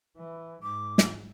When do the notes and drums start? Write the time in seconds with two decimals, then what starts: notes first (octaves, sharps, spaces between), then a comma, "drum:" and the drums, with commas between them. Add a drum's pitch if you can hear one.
0.17 E3
0.63 G#2 D6
0.98 drum: snare